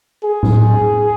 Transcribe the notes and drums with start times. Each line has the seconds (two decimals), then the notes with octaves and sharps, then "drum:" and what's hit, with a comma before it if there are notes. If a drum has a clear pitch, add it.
0.25 G#4
0.43 drum: tom A2